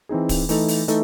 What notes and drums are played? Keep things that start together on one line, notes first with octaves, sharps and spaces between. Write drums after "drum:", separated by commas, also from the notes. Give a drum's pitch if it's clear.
E3 C4 D#4 G#4
drum: kick, open hi-hat
E3 A3 D#4 A4, drum: open hi-hat
drum: open hi-hat
E3 A3 D#4 A4, drum: hi-hat